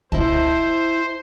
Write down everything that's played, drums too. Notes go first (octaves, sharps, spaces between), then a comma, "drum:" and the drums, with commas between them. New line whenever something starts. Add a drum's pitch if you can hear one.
E4 C5 D#5 A5, drum: kick